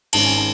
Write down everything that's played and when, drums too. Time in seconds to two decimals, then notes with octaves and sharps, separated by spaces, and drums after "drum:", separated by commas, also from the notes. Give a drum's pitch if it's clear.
0.13 G#1 G#2 G#3 C#4 A5, drum: cymbal
0.26 G#5
0.37 A5